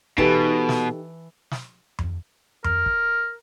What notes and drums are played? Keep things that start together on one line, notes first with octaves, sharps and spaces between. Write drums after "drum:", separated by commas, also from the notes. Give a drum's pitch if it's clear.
B2 E3 D#4 G4 A4 A5, drum: kick
drum: snare
drum: snare
drum: tom F2
A#4, drum: tom F2
drum: kick